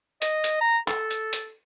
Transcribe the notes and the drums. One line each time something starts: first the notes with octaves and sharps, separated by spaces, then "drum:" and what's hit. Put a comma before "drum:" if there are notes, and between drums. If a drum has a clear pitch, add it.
D#5, drum: hi-hat
drum: hi-hat
A#5
A4, drum: clap
drum: hi-hat
drum: hi-hat